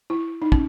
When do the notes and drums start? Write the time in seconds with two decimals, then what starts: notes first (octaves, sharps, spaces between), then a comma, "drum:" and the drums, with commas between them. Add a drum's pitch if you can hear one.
0.10 E4
0.42 D#4
0.52 C#4, drum: kick